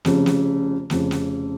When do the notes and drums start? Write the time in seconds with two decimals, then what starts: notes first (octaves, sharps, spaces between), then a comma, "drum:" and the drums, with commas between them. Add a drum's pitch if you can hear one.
0.05 F1 F2 C#3, drum: snare
0.26 drum: snare
0.90 F1 F2 C#3, drum: snare
1.11 drum: snare